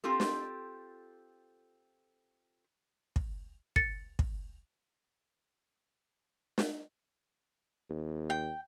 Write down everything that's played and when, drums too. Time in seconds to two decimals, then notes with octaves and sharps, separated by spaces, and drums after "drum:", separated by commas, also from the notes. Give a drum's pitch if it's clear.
0.04 C4 F4 G4 A4
0.20 drum: snare
3.16 drum: kick
3.76 A6 C#7, drum: kick
4.19 drum: kick
6.58 drum: snare
7.90 D#2
8.30 G5